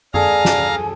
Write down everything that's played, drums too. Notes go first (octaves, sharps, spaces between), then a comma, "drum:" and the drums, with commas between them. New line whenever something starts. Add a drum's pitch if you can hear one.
G#4 A4 D5 F5 G#5 A#5, drum: tom F#2
drum: snare